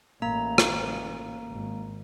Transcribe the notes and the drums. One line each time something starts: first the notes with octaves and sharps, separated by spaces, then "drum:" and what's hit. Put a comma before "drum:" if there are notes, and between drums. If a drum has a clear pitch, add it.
A1 A2 A#3 A#5
drum: rim click
G#1